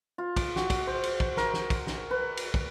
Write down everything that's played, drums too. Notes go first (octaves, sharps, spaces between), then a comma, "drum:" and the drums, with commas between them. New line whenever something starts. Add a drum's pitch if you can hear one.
F4
drum: kick, cymbal
F#4, drum: snare
drum: kick, cymbal
C5
drum: cymbal
drum: kick
A#4, drum: snare
drum: snare
drum: kick, cymbal
drum: snare
B4
drum: cymbal
drum: kick